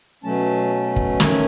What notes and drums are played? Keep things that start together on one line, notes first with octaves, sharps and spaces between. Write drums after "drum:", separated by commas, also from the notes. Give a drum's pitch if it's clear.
B2 F#3 A3 C#4 A5
drum: kick
D#3 A3 C#4 G#5, drum: snare